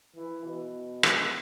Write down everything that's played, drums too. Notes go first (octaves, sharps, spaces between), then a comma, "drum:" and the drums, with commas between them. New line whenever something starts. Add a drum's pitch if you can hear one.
E3
B2
drum: rim click